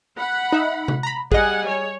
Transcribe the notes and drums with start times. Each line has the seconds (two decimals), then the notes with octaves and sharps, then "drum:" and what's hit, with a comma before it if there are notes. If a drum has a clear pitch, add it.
0.18 F#5 B5
0.52 D#4 E5
0.88 drum: tom C3
1.03 A#5 B5
1.32 G3 G#4 D#5 F#5 G#5, drum: kick
1.67 C#5